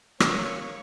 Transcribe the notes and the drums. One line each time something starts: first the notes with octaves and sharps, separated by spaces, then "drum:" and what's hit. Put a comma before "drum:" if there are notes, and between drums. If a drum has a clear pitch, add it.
A#3 C#5 C#6, drum: rim click